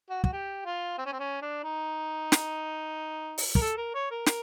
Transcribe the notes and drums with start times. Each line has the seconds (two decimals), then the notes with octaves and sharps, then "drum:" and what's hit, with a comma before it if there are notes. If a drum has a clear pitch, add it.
0.10 F#4
0.24 F#4, drum: kick
0.33 G4
0.65 F4
0.98 C4
1.05 C#4
1.13 C4
1.19 C#4
1.42 D4
1.64 D#4
2.32 drum: snare
3.38 drum: open hi-hat
3.55 A#4, drum: kick
3.61 A4
3.77 A#4
3.94 C#5
4.11 A#4
4.26 A#4, drum: snare